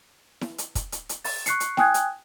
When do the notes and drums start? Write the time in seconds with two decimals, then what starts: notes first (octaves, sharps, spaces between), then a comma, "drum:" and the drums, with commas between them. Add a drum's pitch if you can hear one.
0.41 drum: snare E4
0.58 drum: hi-hat
0.75 drum: kick, hi-hat
0.92 drum: hi-hat
1.09 drum: hi-hat
1.25 A6, drum: open hi-hat
1.46 C#6 F#6 C7 C#7, drum: hi-hat
1.60 drum: hi-hat
1.77 G5 G#5 D#6 F#6 G#6, drum: snare E4
1.94 drum: hi-hat